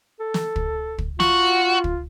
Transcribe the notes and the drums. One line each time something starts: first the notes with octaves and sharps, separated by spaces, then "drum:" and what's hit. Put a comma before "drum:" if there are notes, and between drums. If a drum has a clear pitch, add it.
A4
drum: snare
drum: kick
drum: kick
F4 F#4, drum: snare
drum: kick